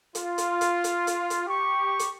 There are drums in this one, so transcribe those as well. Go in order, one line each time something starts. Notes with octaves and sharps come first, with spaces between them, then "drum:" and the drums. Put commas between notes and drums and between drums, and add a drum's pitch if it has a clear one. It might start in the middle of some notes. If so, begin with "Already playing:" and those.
F4, drum: hi-hat
drum: hi-hat
drum: hi-hat
drum: hi-hat
drum: hi-hat
drum: hi-hat
G4 C#6
drum: hi-hat